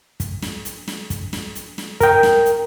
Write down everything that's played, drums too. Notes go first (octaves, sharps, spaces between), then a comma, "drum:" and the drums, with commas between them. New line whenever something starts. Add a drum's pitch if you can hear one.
drum: kick, hi-hat
drum: snare
drum: hi-hat
drum: snare
drum: kick, hi-hat
drum: snare
drum: hi-hat
drum: snare
A#4 G5, drum: kick, hi-hat
drum: snare
drum: hi-hat